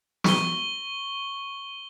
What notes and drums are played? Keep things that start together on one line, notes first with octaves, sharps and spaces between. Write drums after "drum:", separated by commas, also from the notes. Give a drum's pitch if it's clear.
C#6 G7, drum: snare